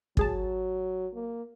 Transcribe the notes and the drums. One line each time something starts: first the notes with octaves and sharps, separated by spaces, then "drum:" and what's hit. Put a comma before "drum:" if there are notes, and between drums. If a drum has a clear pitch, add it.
G#1 F#3 G#4 A5, drum: kick
A#3